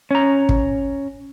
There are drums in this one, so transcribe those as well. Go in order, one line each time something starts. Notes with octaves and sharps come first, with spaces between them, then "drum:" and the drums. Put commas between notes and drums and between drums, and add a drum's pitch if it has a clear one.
C#4 A#5
drum: kick